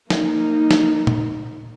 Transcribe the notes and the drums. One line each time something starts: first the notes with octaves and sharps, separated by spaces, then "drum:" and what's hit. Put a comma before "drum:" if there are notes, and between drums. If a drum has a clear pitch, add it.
A#3 D#4, drum: snare
drum: snare
drum: tom